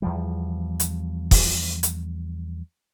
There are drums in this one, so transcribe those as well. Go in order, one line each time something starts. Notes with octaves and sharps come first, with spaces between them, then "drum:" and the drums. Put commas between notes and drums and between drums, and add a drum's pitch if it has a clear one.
E2 F3 G3
drum: hi-hat
drum: kick, open hi-hat
drum: hi-hat